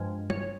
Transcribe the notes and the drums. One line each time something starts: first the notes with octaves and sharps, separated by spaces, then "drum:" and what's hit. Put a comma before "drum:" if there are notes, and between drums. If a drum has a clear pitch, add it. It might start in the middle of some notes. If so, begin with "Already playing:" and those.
Already playing: G2 F3 G#3
C#5, drum: tom